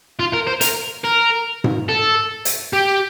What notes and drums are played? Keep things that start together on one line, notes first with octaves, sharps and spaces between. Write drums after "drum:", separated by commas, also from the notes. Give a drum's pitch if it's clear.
F4
A#4
C5
A#4, drum: hi-hat
A#4
drum: tom G#2
A4
drum: hi-hat
G4